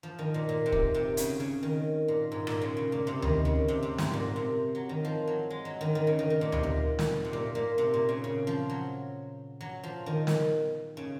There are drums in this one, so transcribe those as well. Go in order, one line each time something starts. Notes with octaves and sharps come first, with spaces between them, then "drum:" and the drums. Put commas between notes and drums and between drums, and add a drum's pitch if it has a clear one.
F3
D#3
A#2
A#2
C3
A#2, drum: kick
C3
C#3, drum: hi-hat
C#3
D#3
A#2
G#2
A#2, drum: rim click
C#3
C#3
A#2
C3
D#3, drum: tom D2
C#3
C3
C3
G#2, drum: snare
A#2
C3
F#3
D#3
F3
F#3
G#3
F#3
D#3
D#3
C#3
D#3
D#3
A#2
C3, drum: tom D2
A#2
drum: snare
C3
A#2
A#2
C3
A#2
C#3
C#3
F3
F#3
F#3
F3
D#3
drum: snare
C#3